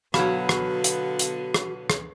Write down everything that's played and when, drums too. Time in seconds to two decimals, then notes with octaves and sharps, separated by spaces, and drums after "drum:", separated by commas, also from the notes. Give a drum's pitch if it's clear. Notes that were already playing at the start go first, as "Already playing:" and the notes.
0.14 B2 D3 F#3 B3 F#4 F5 B5 E7, drum: rim click
0.49 drum: rim click
0.84 drum: hi-hat
1.19 drum: hi-hat
1.54 drum: rim click
1.90 drum: rim click